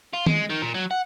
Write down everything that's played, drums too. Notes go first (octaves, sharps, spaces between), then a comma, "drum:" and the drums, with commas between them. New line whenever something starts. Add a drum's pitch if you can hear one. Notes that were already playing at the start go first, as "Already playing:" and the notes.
F4
G#3, drum: tom
D#3
A#2
F#3
F#5